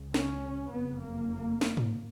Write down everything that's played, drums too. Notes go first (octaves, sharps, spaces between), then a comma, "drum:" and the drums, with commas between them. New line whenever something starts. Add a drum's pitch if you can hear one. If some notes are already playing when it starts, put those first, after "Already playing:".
Already playing: C#2 C#3
C#4, drum: snare
F#1 F2 C#3 B3
A#3
drum: snare
drum: tom G#2